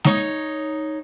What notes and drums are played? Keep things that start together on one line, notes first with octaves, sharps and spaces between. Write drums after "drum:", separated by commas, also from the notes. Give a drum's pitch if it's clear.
D#4 C#5, drum: snare G#3